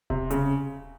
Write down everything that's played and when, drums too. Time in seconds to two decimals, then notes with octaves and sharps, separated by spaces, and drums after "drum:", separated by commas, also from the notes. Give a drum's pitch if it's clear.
0.10 C3, drum: kick D#1
0.31 C#3, drum: hi-hat